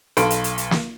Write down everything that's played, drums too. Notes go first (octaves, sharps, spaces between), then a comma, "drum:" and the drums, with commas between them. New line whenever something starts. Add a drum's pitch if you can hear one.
B1 A4 F5 B5 C6 D7, drum: hi-hat
drum: hi-hat
drum: hi-hat
drum: hi-hat
drum: snare